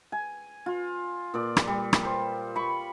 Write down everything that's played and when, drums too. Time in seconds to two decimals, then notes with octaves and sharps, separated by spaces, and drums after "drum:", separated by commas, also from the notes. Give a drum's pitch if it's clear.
0.12 G#5
0.66 F4
1.34 A#2 D5
1.57 drum: rim click
1.67 G3
1.93 drum: rim click
2.05 C5
2.56 B5 C#6